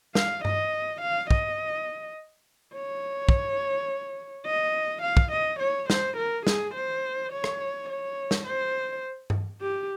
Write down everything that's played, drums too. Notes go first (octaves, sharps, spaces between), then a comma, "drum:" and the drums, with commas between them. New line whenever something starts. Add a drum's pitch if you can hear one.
F5, drum: snare
D#5, drum: tom G2
F5
D#5, drum: kick
C#5
drum: kick
D#5
F5
drum: kick
D#5
C#5
C5, drum: snare
A#4
G#4, drum: snare
C5
C#5
drum: rim click
C#5
drum: snare
C5
drum: tom G2
G4